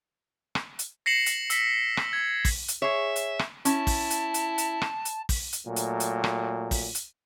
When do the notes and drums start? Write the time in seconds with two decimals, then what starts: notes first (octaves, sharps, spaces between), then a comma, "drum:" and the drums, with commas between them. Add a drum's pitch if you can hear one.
0.55 drum: rim click
0.79 drum: hi-hat
1.06 A#6 C7 C#7 E7 F#7
1.26 drum: hi-hat
1.50 E6 B6, drum: hi-hat
1.97 drum: rim click
2.13 G#6
2.45 drum: kick, open hi-hat
2.68 drum: hi-hat
2.82 G#4 C#5 E5
3.16 drum: hi-hat
3.39 drum: rim click
3.65 C#4 E4 A5, drum: hi-hat
3.87 drum: kick, open hi-hat
4.10 drum: hi-hat
4.34 drum: hi-hat
4.58 drum: hi-hat
4.82 drum: rim click
5.05 drum: hi-hat
5.29 drum: kick, open hi-hat
5.53 drum: hi-hat
5.66 A#2 F#3 A3
5.76 drum: hi-hat
6.00 drum: hi-hat
6.24 drum: rim click
6.71 drum: kick, open hi-hat
6.95 drum: hi-hat